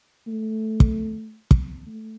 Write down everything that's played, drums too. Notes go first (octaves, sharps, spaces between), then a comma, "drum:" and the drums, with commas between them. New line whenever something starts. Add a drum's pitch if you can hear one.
A3
drum: kick
drum: kick
A3